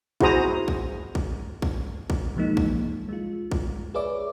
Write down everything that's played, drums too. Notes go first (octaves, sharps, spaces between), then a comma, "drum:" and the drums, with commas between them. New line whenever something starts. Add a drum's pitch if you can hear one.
E4 F#4 G#4 C5 A#5 D#6, drum: kick
drum: kick
drum: kick
drum: kick
drum: kick
B2 E3 F3 G#3 A#3 D#4
drum: kick
G#3 F4
drum: kick
G#4 B4 C#5 D5 E5 D6